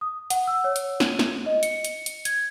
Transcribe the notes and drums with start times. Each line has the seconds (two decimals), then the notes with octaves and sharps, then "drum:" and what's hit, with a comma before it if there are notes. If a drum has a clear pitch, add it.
0.01 D#6
0.30 F#5, drum: hi-hat
0.47 E6
0.64 C#5
0.76 drum: hi-hat
1.00 D#7, drum: snare
1.19 drum: snare
1.46 D#5
1.63 C#7, drum: hi-hat
1.84 drum: hi-hat
2.06 drum: hi-hat
2.25 G#6, drum: hi-hat